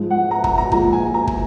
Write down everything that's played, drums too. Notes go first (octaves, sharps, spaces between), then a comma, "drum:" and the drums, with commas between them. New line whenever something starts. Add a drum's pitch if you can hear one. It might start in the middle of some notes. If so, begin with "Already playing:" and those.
Already playing: G#2 F3 G#3
F#5
A#5
A#5, drum: kick
A#5
A#2 F3 G#3 A#5, drum: kick
G#5
A#5
drum: kick